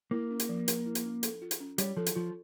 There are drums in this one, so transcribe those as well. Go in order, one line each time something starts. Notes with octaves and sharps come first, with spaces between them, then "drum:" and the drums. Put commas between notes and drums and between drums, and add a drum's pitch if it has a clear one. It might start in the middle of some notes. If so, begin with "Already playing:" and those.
A#3 E4
C#4
drum: hi-hat
F3
A#4, drum: hi-hat
E4
drum: hi-hat
C#4
A4, drum: hi-hat
F4
drum: hi-hat
C#4
G3 C#5, drum: hi-hat
F3 A4
drum: hi-hat
F3 F4